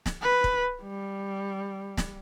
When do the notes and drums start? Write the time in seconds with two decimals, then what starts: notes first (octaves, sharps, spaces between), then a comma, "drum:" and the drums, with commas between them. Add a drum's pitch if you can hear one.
0.06 drum: snare
0.22 B4
0.44 drum: kick
0.82 G3
1.97 drum: snare